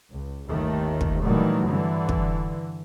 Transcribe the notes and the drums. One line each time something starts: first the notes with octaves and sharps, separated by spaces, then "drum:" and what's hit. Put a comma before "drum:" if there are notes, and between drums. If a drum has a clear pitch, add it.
C#2
G1 D#2 D#3 A3
drum: kick
A#2 D#3 E3 F#3 G3 A3
G2 D3 E3
drum: kick